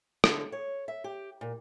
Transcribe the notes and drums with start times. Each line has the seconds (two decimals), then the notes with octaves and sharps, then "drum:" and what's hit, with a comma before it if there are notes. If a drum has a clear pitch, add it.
0.24 D3, drum: rim click
0.52 C#5
0.88 E5
1.04 G4
1.41 A#2